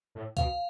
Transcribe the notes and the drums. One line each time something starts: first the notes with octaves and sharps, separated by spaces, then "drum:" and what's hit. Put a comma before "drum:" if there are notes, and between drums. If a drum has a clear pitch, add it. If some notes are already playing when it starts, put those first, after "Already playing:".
A2
B2 F5, drum: kick C#2, hi-hat